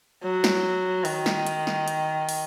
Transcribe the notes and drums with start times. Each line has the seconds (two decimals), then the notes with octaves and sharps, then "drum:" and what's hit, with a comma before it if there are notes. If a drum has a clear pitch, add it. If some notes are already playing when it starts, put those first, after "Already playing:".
0.23 F#3
0.44 drum: snare
1.05 D#3, drum: open hi-hat
1.26 drum: snare
1.47 drum: hi-hat
1.67 drum: snare
1.88 drum: hi-hat
2.29 drum: open hi-hat